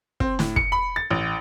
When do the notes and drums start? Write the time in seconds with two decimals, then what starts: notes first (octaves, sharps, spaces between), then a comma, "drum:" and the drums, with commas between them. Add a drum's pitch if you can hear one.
0.20 C4, drum: kick
0.39 A2, drum: snare
0.56 C#7, drum: kick
0.72 B5
0.96 A6
1.10 A1